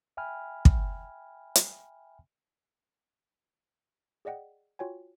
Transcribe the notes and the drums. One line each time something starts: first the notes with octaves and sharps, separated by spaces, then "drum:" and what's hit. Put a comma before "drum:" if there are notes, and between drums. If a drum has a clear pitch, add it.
E5 G5 G#5 B5 F6
drum: kick
drum: hi-hat
G#4 D5 D#5 F#5 G5
F4 F#4 C#5 G5 G#5